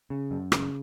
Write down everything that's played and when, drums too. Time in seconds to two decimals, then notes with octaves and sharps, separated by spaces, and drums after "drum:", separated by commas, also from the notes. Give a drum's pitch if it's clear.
0.10 C#3
0.31 F#2
0.52 C#3, drum: rim click